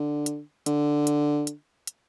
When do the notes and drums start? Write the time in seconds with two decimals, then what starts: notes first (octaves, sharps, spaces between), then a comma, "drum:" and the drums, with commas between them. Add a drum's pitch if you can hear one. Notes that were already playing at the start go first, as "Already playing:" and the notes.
Already playing: D3
0.26 drum: hi-hat
0.66 D3, drum: hi-hat
1.07 drum: hi-hat
1.47 drum: hi-hat
1.87 drum: hi-hat